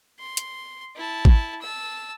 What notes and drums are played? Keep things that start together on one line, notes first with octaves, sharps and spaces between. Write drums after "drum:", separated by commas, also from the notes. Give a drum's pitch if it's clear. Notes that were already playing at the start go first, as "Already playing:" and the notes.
C6
drum: hi-hat
E4 A5
drum: kick
A5 E6